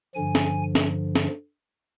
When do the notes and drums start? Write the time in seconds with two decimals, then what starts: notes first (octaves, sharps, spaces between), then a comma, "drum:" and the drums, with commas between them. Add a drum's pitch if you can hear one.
0.15 G2 D3 F3 G#5
0.35 drum: snare C#4
0.75 drum: snare C#4
1.15 drum: snare C#4